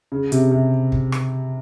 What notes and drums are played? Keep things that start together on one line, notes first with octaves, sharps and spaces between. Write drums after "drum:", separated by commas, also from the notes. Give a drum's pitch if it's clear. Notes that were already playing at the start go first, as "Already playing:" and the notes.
C#3
C3, drum: hi-hat
C3
drum: kick
drum: rim click